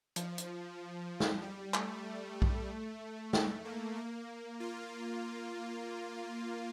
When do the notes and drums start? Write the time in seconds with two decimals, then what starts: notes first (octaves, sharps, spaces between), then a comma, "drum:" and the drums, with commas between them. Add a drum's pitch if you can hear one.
0.16 F3, drum: hi-hat
0.38 drum: hi-hat
1.20 drum: snare
1.42 G3
1.74 A3, drum: clap
2.42 drum: kick B1
3.33 A3, drum: snare
3.65 A#3
3.96 A#3
4.60 F4